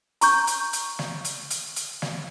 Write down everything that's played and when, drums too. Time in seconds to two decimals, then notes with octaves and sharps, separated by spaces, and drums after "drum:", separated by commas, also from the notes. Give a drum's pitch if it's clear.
0.21 A#5 C#6 G6, drum: hi-hat
0.47 drum: hi-hat
0.73 drum: hi-hat
0.99 drum: snare
1.25 drum: hi-hat
1.50 drum: hi-hat
1.76 drum: hi-hat
2.02 drum: snare